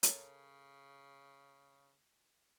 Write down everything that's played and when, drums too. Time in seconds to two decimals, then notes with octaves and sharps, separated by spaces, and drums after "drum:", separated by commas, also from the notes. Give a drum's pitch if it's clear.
0.03 C#3 A4 A#4 C#5, drum: hi-hat